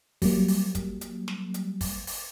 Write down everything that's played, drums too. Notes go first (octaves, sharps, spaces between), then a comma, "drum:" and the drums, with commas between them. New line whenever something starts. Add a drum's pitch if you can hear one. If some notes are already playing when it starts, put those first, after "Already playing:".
F#3 G3 A#3, drum: kick, open hi-hat
drum: open hi-hat
drum: kick, hi-hat
drum: hi-hat
drum: snare
drum: hi-hat
drum: kick, open hi-hat
drum: open hi-hat